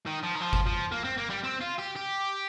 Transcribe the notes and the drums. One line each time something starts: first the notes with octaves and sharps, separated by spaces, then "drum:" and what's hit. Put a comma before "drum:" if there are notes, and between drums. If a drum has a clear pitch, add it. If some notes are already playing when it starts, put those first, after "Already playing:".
D#3
F3
D#3
F3
drum: kick G1
F3
A#3
C4
A#3
G3
C4
F4
G4
G4